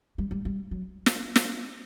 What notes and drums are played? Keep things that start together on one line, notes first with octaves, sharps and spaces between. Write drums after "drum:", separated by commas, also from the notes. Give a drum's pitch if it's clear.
G3
G3
G3
F#3
drum: snare
drum: snare